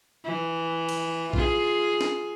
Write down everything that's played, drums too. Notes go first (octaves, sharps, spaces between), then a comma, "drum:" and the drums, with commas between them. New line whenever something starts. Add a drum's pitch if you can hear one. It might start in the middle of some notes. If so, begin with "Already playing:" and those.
E3
drum: cymbal
F4 G#4, drum: kick A#1
drum: snare